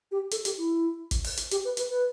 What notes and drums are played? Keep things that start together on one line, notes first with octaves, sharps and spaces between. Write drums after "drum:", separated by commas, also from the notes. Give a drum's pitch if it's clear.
G4
A4, drum: hi-hat
G4, drum: hi-hat
E4
drum: kick, hi-hat
drum: open hi-hat
drum: hi-hat
G4, drum: hi-hat
B4
B4, drum: hi-hat
B4